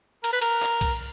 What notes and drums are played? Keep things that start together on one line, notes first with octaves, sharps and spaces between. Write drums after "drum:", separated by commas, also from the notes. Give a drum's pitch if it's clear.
A#4, drum: cymbal
B4
A#4, drum: cymbal
drum: clap
drum: kick B1, cymbal